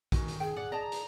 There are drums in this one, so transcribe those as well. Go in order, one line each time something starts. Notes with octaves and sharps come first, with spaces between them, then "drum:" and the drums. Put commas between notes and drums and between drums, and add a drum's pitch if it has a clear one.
D#3 F#4 G#5, drum: kick A#1, hi-hat
drum: hi-hat
G#4 G5
D5 F#5
D5 D#5 A5 A#5
drum: hi-hat